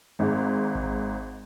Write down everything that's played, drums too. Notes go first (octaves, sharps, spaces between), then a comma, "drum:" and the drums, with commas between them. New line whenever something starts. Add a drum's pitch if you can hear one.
G#1 G#2
drum: kick A1